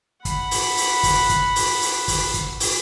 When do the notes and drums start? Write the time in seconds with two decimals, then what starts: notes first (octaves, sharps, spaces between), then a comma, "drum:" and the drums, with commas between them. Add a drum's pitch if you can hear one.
0.25 F#5 B5, drum: kick, hi-hat
0.51 drum: open hi-hat
0.77 drum: open hi-hat
1.03 drum: kick, open hi-hat
1.30 drum: kick, hi-hat
1.56 drum: open hi-hat
1.82 drum: open hi-hat
2.08 drum: kick, open hi-hat
2.34 drum: kick, hi-hat
2.60 drum: open hi-hat